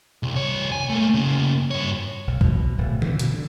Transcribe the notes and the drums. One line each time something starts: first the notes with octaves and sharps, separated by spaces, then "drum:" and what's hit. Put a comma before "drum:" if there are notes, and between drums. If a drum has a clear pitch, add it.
C2
C2 C#5
G#5
A3 A#3
C#3 A#3
G2 C#5
B1
B2, drum: kick
D1
E3, drum: tom D3
B2, drum: hi-hat
D3